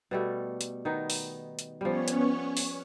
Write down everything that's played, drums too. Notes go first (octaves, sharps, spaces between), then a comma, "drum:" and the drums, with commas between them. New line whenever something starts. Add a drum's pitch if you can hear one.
B2 G3 A3
drum: hi-hat
D#3 B3 D#4
drum: open hi-hat
drum: hi-hat
F3 G3 B3 C#4 C#5
drum: hi-hat
drum: open hi-hat